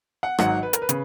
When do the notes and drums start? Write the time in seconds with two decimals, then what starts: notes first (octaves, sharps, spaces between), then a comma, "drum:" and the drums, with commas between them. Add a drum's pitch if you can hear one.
0.23 F#5
0.39 G#1 G#2 F#3 F#5, drum: rim click
0.63 B4
0.73 A#4, drum: hi-hat
0.82 B4
0.89 C#3, drum: hi-hat